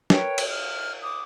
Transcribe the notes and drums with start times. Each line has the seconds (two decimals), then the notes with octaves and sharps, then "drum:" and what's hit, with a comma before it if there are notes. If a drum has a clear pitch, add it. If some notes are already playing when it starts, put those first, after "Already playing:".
0.10 A#4 B4 C#5 G5, drum: snare
0.38 drum: cymbal
0.49 F6
1.01 D6 D#6